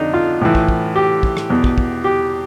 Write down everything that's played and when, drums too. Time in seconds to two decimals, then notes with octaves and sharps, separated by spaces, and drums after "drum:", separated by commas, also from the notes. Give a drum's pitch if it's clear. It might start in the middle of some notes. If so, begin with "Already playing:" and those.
Already playing: F2 D3 D4 D#4
0.14 F4
0.41 A2 E3
0.55 drum: kick
0.69 drum: kick
0.96 G4
1.23 drum: kick
1.37 drum: rim click
1.50 E2 B2
1.64 drum: kick
1.78 drum: kick
2.04 G4